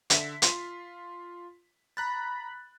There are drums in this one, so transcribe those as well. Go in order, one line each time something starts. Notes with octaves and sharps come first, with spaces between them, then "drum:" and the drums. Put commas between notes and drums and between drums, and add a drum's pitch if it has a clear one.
D3 E5 B6, drum: hi-hat
F4 C6, drum: hi-hat
A#5 B5 F#6 A6